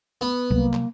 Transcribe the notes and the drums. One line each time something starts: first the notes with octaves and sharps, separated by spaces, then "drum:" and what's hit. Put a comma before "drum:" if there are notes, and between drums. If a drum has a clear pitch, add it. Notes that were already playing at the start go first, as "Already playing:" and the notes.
B3
C3 F#3 G3 A#3, drum: kick C2
drum: clap